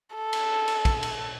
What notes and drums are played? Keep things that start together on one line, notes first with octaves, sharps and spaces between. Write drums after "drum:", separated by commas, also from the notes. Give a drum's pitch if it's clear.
A4
drum: cymbal
drum: cymbal
drum: kick, cymbal
drum: cymbal